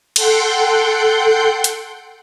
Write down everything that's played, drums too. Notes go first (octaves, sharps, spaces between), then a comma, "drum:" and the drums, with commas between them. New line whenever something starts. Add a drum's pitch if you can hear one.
A4 F#5 G5 C6 G6, drum: cymbal
drum: hi-hat